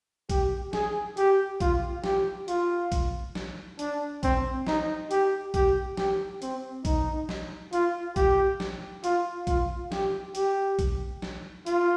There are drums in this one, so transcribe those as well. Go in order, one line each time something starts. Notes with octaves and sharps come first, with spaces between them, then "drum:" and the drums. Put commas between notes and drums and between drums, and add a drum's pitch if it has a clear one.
G4, drum: kick A#1, hi-hat
G#4, drum: snare
G4, drum: hi-hat
F4, drum: kick A#1, hi-hat
G4, drum: snare
F4, drum: hi-hat
drum: kick A#1, hi-hat
drum: snare
D4, drum: hi-hat
C4, drum: kick A#1, hi-hat
D#4, drum: snare
G4, drum: hi-hat
G4, drum: kick A#1, hi-hat
G4, drum: snare
C4, drum: hi-hat
D#4, drum: kick A#1, hi-hat
drum: snare
F4, drum: hi-hat
G4, drum: kick A#1, hi-hat
drum: snare
F4, drum: hi-hat
F4, drum: kick A#1, hi-hat
G4, drum: snare
G4, drum: hi-hat
drum: kick A#1, hi-hat
drum: snare
F4, drum: hi-hat